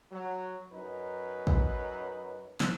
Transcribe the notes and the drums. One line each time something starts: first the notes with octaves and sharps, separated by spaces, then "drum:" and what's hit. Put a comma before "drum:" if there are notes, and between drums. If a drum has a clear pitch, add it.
F#3
F#2 D#4 B4
drum: kick
drum: snare